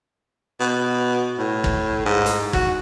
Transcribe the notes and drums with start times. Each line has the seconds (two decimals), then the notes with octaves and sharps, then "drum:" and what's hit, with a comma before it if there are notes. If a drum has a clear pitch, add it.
0.60 B2
1.38 A2
1.64 drum: kick
2.05 G#2
2.26 drum: hi-hat
2.53 F#4, drum: kick